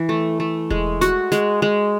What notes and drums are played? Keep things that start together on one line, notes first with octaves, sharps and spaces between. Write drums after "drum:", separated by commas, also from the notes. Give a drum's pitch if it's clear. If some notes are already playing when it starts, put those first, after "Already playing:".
Already playing: E3
A3
A3
G#3, drum: kick E1
F#4, drum: snare
G#3, drum: snare
G#3